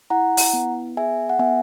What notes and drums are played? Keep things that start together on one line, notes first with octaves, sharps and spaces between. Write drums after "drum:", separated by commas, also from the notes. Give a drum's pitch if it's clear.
E4 F#5 A#5
drum: open hi-hat
B3
G#4 E5 G#5
F#5
B3 E5 G#5